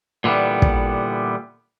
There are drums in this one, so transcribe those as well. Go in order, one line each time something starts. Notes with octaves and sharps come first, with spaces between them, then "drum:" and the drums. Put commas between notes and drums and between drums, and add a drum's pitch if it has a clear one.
A#2 D3 E3 G3 B3
drum: kick